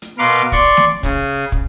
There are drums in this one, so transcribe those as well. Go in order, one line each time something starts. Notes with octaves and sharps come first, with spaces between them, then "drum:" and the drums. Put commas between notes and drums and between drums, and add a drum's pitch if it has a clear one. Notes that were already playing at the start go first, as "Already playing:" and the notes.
drum: hi-hat
B2 A#4 B4 F5 C6 D6
D5 C6 C#6, drum: kick, hi-hat
drum: snare
C#3, drum: kick, hi-hat
drum: kick